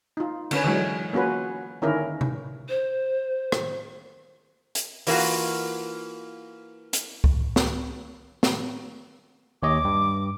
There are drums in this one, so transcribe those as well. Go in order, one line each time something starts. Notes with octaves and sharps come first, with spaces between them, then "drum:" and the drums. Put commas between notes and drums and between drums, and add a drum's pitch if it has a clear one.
D#4 F4
D3 C#4 B4, drum: cymbal
D3 E3 F#3 G#3
A#3 C#4 F4 F#4 B4
D3 D#3 C#4 E4 A#4
drum: tom C3
C5
drum: rim click
drum: hi-hat
E3 G3 A#3 B3 F4 F#4, drum: open hi-hat
drum: hi-hat
drum: kick C#2
drum: snare
drum: snare
D#2 C#5 D#5 D6
G2